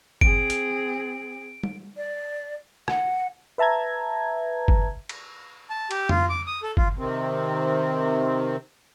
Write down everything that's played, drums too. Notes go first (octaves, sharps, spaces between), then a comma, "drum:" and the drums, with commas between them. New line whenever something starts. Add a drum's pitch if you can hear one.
C4 G#4 D7, drum: kick G1
drum: hi-hat
drum: tom G3
D5
F#5, drum: rim click
B4 E5 A5 A#5 G#6
drum: kick G1
drum: cymbal
A5
G4, drum: cymbal
F4, drum: tom F2
D6
D#6
A4
F4, drum: kick G1
C3 D#3 C4